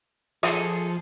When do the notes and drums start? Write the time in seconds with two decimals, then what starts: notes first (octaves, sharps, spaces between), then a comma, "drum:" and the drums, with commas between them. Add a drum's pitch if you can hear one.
0.43 F3 G#4 A4, drum: rim click